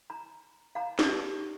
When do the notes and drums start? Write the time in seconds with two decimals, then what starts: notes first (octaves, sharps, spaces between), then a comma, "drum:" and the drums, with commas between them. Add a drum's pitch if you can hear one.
0.10 A#5
0.75 F5 A#5
0.99 D#4 G4 D5, drum: snare